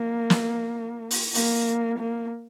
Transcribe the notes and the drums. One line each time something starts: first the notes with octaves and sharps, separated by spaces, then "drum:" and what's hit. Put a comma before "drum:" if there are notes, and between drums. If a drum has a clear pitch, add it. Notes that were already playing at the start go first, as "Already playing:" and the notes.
Already playing: A#3
drum: snare
drum: open hi-hat
A#3, drum: open hi-hat
A#3